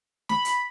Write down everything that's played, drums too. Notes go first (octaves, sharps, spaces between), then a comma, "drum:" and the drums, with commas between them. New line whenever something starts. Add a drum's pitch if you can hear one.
B5, drum: snare
drum: hi-hat